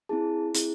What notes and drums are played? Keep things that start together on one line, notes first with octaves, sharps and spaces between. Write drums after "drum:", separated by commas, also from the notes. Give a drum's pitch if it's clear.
C4 E4 G#4 A5
C4 E4 G#4, drum: hi-hat